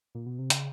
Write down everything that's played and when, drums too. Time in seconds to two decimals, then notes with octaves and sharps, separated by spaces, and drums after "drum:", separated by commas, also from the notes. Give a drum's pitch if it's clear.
0.15 A#2
0.26 B2
0.38 C3
0.50 C#3, drum: hi-hat